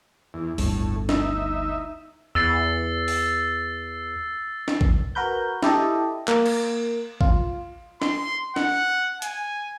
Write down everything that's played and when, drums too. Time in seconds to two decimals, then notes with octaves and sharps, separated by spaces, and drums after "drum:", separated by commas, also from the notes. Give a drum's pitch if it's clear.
0.34 E2
0.58 G1 D2 A2, drum: open hi-hat
1.09 D#4 E5, drum: snare
2.35 E2 E6 A6 C7
3.08 drum: open hi-hat
4.68 drum: snare
4.81 drum: kick A1
5.15 F#4 A#4 B4 G6
5.63 E4 G4 A4 D#5, drum: snare
6.28 A#3, drum: clap
6.46 drum: cymbal
7.21 F4, drum: kick A1
8.02 C6, drum: snare
8.56 F#5, drum: snare
9.22 G#5, drum: hi-hat